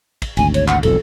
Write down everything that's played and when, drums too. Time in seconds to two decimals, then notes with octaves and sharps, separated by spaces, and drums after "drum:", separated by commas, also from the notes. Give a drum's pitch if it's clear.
0.22 drum: kick, cymbal
0.37 G#1 D2 G#5, drum: cymbal
0.54 C#5, drum: cymbal
0.68 F#5, drum: clap
0.83 E1 B1 F2 A4, drum: kick, cymbal